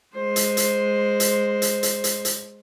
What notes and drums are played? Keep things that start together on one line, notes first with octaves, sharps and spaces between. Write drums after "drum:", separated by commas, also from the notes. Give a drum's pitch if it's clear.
G#3 C5
drum: hi-hat
drum: hi-hat
drum: hi-hat
drum: hi-hat
drum: hi-hat
drum: hi-hat
drum: hi-hat